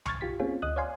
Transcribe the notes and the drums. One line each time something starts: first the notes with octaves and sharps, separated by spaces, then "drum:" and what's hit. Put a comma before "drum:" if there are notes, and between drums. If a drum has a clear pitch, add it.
C6 C#6 F6 G#6 A6, drum: tom B1
F4 G4 B6
A#3 C4 C#4 F4 G#4
D2 D#5 D#6 F#6
C#5 D5 F5 G#5 C6